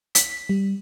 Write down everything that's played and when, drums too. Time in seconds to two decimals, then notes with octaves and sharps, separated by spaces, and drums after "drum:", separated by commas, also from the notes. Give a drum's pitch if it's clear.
0.15 B6, drum: hi-hat
0.49 G3